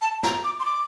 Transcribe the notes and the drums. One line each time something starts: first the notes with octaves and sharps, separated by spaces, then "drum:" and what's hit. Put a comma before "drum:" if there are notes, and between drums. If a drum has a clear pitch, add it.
A5
A#5, drum: snare
D6
C6
D6